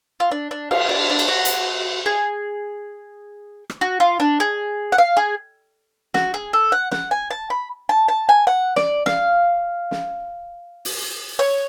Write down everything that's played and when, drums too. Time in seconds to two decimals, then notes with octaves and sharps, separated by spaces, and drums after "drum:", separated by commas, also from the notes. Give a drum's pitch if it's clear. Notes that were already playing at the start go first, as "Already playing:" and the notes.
0.20 F4
0.31 D4
0.51 D4
0.71 F4, drum: cymbal
0.89 D4
1.10 D4
1.19 drum: cymbal
1.28 F#4
1.45 drum: hi-hat
2.06 G#4
3.70 drum: rim click
3.81 F#4
4.00 F4
4.20 D4
4.40 G#4
4.92 F#5
4.98 F5
5.17 G#4
6.14 F#4, drum: snare
6.34 G#4
6.53 A4
6.72 F#5
6.91 F#5, drum: snare
7.11 G#5
7.31 A5
7.50 B5
7.89 A5
8.08 A5
8.29 G#5
8.47 F#5
8.76 D5, drum: snare
9.06 F5, drum: snare
9.91 drum: snare
10.85 drum: open hi-hat
11.39 C#5